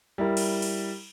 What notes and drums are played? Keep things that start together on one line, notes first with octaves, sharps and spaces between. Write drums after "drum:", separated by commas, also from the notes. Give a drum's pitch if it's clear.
G3 E4 A#4
drum: cymbal
drum: cymbal